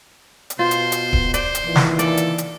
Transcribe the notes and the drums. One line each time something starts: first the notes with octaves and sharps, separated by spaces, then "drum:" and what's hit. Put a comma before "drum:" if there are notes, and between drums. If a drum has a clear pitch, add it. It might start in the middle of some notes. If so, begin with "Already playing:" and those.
drum: hi-hat
B2 F4 C5
drum: hi-hat
drum: hi-hat
drum: kick D1
C5 D5, drum: hi-hat
drum: hi-hat
A#2 D#3 E3
drum: snare
A4 D5, drum: hi-hat
drum: hi-hat
drum: hi-hat